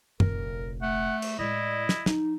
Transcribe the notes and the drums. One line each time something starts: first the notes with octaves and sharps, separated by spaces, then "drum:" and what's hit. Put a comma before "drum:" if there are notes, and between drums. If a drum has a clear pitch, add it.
F1 A#1 A#4, drum: tom F#2
A3 F#5
drum: cymbal
A2 G#3 E4 D5 D#5
drum: snare
F3 D#4, drum: snare